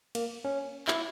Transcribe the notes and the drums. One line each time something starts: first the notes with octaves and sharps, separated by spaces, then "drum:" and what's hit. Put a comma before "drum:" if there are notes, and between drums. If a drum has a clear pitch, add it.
A#3, drum: cymbal
C#4
E4, drum: clap